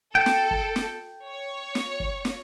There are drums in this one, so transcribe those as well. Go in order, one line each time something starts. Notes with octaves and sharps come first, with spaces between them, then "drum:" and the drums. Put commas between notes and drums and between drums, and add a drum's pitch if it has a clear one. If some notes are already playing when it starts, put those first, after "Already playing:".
A4 G5
drum: snare
drum: kick
drum: snare
C#5
drum: snare
drum: kick
drum: snare